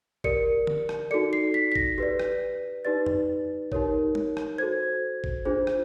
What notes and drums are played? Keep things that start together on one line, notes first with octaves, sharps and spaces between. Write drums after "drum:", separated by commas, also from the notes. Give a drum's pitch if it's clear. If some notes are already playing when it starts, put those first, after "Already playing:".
G4 A#4 D5 C#7, drum: kick G#1
drum: tom D3
drum: rim click
D#4 F#4 A4 D5 C#7
C7
B6
B6
A#6, drum: kick G#1
G4 B4 D5
drum: rim click
D#4 G4 B4 D5 A6
drum: tom F2
D#4 G4 A#4 C#5, drum: kick G#1
drum: tom
drum: rim click
F#4 A4 C5 G#6
drum: kick G#1
D4 F4 G#4 C5
drum: rim click